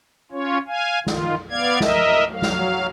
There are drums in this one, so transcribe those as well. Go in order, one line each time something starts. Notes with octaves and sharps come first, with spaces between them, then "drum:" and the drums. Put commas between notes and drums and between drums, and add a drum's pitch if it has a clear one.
C#4 F4 C#5
F5 G#5
D#3 F4, drum: snare
B3 D5 F5 G#6
A#4 D#5 E5, drum: snare
drum: cymbal
F#3 F5
drum: snare